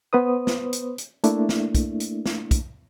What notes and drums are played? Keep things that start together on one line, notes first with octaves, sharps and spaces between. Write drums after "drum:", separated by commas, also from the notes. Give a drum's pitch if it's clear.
B3 B4 C5 D#6
drum: snare
drum: hi-hat
drum: hi-hat
A3 A#3 D4 E4, drum: hi-hat
drum: snare
drum: kick, hi-hat
drum: hi-hat
drum: snare
drum: kick, hi-hat